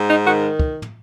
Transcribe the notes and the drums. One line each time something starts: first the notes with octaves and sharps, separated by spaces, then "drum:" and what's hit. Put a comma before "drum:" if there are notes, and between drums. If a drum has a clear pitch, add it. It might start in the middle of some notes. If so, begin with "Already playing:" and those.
Already playing: G#2
D#4
D#3 F#4
drum: kick
drum: tom